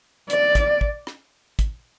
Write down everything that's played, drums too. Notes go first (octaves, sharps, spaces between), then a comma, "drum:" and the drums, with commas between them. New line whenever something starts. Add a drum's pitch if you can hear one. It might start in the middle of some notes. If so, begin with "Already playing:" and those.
D5, drum: hi-hat
drum: kick, hi-hat
drum: kick
drum: rim click
drum: kick, hi-hat